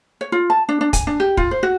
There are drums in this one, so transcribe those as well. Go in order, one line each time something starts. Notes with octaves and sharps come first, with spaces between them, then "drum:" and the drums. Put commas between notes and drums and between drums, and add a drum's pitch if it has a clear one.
C#5
F4
A5
D4
D4
G#5, drum: kick, hi-hat
D4
G4
F4, drum: kick
C5
F#4